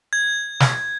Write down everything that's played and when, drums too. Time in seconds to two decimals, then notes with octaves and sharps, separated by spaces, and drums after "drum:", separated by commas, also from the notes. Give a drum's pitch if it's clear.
0.13 G#6
0.60 drum: snare